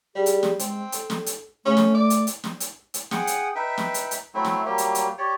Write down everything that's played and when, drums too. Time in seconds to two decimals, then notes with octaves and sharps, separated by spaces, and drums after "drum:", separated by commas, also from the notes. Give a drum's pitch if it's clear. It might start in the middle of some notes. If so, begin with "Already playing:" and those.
0.15 G3 G#4
0.26 drum: hi-hat
0.43 drum: snare
0.59 G#3 C4, drum: hi-hat
0.92 A4, drum: hi-hat
1.10 drum: snare
1.26 drum: hi-hat
1.65 A3 C#4
1.77 drum: snare
1.94 D5
2.10 drum: hi-hat
2.27 drum: hi-hat
2.44 drum: snare
2.60 drum: hi-hat
2.94 drum: hi-hat
3.11 G#4 F#5 G5 D#6, drum: snare
3.27 drum: hi-hat
3.55 D#4 B4 E5 G5
3.78 drum: snare
3.94 drum: hi-hat
4.11 drum: hi-hat
4.34 F#3 A3 C4 E4
4.44 drum: snare
4.65 F#3 G3 A#3 G4
4.78 drum: hi-hat
4.95 drum: hi-hat
5.18 G4 C#5 D5